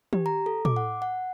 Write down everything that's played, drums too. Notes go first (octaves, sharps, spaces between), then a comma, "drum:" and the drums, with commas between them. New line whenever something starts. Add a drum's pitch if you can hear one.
G4, drum: tom
A#5
A4
D6, drum: tom
F#5
F#5